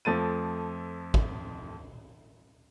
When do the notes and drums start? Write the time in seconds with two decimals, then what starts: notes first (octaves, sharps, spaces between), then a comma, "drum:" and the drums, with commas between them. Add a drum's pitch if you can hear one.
0.05 F2 F3 A3 A6 D#7
1.14 drum: kick